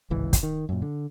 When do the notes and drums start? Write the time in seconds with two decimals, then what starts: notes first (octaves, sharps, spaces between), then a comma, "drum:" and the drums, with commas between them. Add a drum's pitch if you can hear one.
0.10 D1 G#1 C#2 E3
0.33 drum: kick, hi-hat
0.43 D#3
0.69 F#2 A#2
0.82 D3